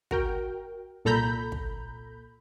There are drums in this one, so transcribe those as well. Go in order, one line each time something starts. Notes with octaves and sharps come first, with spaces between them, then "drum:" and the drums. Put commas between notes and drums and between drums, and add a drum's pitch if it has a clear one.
F#4 A#4 G5, drum: kick
C2 A#2 A4 A#5 B5 G6
drum: kick